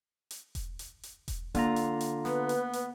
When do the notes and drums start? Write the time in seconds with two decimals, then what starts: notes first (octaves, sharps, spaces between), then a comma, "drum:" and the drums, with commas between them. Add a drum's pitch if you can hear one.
0.31 drum: hi-hat
0.55 drum: kick E1, hi-hat
0.79 drum: hi-hat
1.03 drum: hi-hat
1.28 drum: kick E1, hi-hat
1.55 D3 A#3 F4 A#5, drum: hi-hat
1.76 drum: hi-hat
2.01 drum: hi-hat
2.25 B3 B4, drum: snare
2.49 drum: hi-hat
2.73 drum: hi-hat